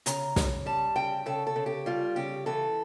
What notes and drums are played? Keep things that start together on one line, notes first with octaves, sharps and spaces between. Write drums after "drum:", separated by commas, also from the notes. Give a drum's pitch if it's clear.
C#3 A#5, drum: hi-hat
C#3, drum: snare
G3 A5
C#3 G5
C#3 A4
A4
C#3
G4
G3 F4
C#3 G4
E3 A4